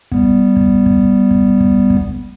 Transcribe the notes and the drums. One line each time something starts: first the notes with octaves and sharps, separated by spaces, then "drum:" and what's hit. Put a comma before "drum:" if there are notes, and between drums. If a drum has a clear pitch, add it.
G3 B3, drum: kick
drum: kick
drum: kick
drum: kick
drum: kick
drum: kick